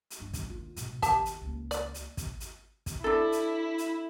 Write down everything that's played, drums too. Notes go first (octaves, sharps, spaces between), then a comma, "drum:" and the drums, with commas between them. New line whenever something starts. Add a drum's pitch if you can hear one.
drum: hi-hat
G2 D4
drum: kick, hi-hat
D#2 F4
G#2 B2, drum: hi-hat
E2 D#3 G4 A5, drum: kick, hi-hat
drum: hi-hat
C#2 A#3
D5, drum: hi-hat
drum: hi-hat
drum: kick, hi-hat
drum: hi-hat
drum: kick, hi-hat
D4 E4 A4
drum: hi-hat
drum: hi-hat